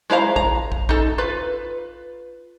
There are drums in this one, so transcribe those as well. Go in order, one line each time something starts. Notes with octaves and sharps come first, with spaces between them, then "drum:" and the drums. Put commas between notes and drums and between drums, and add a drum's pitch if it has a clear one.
G#3 E4 C5 F5 A#5
A#5, drum: kick
drum: kick
D#4 A4, drum: kick
F4 B4